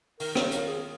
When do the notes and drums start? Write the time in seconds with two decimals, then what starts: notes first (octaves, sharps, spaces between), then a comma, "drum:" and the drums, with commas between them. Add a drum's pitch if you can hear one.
0.20 D#3 A#4, drum: open hi-hat
0.35 C#5, drum: rim click
0.52 C#4 F4 A#4, drum: hi-hat
0.67 G#4